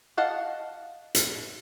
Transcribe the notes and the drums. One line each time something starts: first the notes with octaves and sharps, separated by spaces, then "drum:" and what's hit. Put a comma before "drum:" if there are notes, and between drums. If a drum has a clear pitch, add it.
D#5 F5 F#5 A5
drum: hi-hat